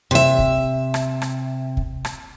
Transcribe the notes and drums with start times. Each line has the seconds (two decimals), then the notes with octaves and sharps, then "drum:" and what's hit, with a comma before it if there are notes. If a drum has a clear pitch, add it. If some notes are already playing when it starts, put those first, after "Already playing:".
0.11 C3 E5
0.39 drum: kick
0.94 drum: rim click
1.22 drum: rim click
1.77 drum: kick
2.05 drum: rim click